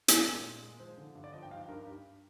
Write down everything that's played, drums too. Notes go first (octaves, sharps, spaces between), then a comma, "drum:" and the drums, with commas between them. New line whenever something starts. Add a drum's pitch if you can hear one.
G#3 A#4, drum: hi-hat
A#2
A#2
G#3
F3 C5
D3
G2
D5
F3 D#5
G5
G2 F5
G2 A#4
G2 G4